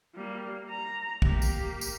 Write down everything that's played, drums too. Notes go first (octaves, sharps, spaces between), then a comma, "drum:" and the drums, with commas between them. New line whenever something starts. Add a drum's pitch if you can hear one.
G3 A#3
A#5
A#3 G4, drum: kick
drum: tambourine
drum: tambourine